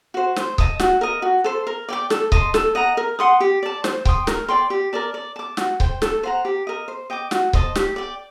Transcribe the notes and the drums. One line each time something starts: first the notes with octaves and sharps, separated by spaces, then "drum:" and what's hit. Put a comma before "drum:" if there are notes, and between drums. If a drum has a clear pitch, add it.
F#4 C5
C5, drum: snare
D#5 A5 D#6, drum: kick C#1
F#4, drum: snare
A#4 D#5
F#4
A4 C5
A#4
D5 G5 D6
A4, drum: snare
D#5 A5 C6, drum: kick C#1
A4, drum: snare
D#5 F#5 A#5
A#4
F#5 C6 D#6
G4
D5 A5
C5, drum: snare
G5 C6 D#6, drum: kick C#1
A#4, drum: snare
D5 G5 C6
G4
A#4 D5 A5
D5
A5 D6
F#4, drum: snare
C5 G5, drum: kick C#1
A4, drum: snare
C5 F#5 A#5
G4
A#4 D#5
C5
D#5 G5 D6
F#4, drum: snare
C5 D#5 A5, drum: kick C#1
G4, drum: snare
D5 G5